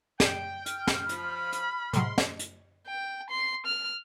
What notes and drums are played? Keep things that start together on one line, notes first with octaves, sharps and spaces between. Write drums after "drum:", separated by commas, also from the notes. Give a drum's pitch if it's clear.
G5, drum: snare
F6, drum: hi-hat
drum: snare
F3 B5, drum: hi-hat
drum: hi-hat
A2 C3 F#3 G#3 C6, drum: hi-hat
drum: snare
drum: hi-hat
G5
C6
F6